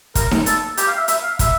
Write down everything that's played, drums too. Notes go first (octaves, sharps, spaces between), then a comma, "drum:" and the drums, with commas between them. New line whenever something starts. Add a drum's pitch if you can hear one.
A#4, drum: kick, hi-hat
drum: snare D#4
A4, drum: hi-hat
G4, drum: hi-hat
F5
E5
E5, drum: hi-hat
F5
E5, drum: kick, hi-hat